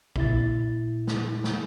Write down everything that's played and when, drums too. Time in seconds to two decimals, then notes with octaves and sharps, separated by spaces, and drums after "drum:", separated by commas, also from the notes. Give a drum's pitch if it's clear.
0.16 A#2 E4 A6, drum: kick
1.07 drum: snare
1.44 drum: snare